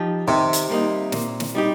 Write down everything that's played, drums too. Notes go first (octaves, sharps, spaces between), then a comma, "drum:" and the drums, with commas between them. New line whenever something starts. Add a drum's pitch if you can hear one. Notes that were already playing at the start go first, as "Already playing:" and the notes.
Already playing: F3 D#4 G4
C3 D#3
drum: hi-hat
G3 A#3 D#4
A#2, drum: snare
drum: snare
G3 D#4 G4